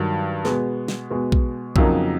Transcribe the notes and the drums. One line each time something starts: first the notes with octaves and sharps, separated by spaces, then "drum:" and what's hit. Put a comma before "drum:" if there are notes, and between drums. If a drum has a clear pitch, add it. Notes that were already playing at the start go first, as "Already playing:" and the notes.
Already playing: G2 D#3 F#3
B2 G#3 B3, drum: snare
drum: snare
B2 G#3 B3
drum: kick
F2 C#3 F#3 A#3 D#4, drum: kick